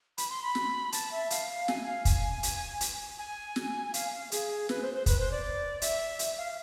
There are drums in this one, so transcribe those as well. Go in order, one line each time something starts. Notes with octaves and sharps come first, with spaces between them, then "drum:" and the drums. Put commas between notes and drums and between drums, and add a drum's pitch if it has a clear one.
B5, drum: hi-hat
C6
B5
drum: snare
A5, drum: hi-hat
E5
F5, drum: hi-hat
G#5, drum: snare
F5
G#5, drum: kick, hi-hat
drum: hi-hat
drum: hi-hat
G#5
drum: snare
F5, drum: hi-hat
F5
G#4, drum: hi-hat
B4, drum: snare
C5
C5
B4, drum: kick, hi-hat
C5
D5
E5, drum: hi-hat
drum: hi-hat
F5